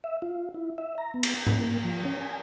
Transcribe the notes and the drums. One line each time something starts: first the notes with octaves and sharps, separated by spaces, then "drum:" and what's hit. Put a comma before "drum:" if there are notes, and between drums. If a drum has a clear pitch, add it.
E5
F4
E4
E5
A#5
B3
drum: cymbal
A#3, drum: tom G#2
A#3
F3
C#4
G#5